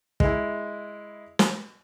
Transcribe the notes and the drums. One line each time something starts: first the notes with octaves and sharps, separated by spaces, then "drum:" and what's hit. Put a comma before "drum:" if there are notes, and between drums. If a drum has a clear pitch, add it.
G#3 E4, drum: kick
drum: snare